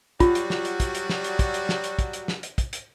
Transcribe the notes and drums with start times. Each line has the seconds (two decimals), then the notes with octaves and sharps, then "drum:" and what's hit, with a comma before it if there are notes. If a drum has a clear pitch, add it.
0.20 F#3 G3 F4 F#4, drum: kick, hi-hat
0.35 drum: hi-hat
0.50 drum: snare
0.65 drum: hi-hat
0.80 drum: kick, hi-hat
0.95 drum: hi-hat
1.09 drum: snare
1.24 drum: hi-hat
1.39 drum: kick, hi-hat
1.54 drum: hi-hat
1.69 drum: snare
1.84 drum: hi-hat
1.99 drum: kick, hi-hat
2.13 drum: hi-hat
2.28 drum: snare
2.43 drum: hi-hat
2.58 drum: kick, hi-hat
2.73 drum: hi-hat